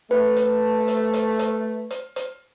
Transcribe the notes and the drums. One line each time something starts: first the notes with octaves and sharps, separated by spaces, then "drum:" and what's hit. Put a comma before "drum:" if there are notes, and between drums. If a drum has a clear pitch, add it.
A3 B4
drum: hi-hat
drum: hi-hat
drum: hi-hat
drum: hi-hat
drum: hi-hat
drum: hi-hat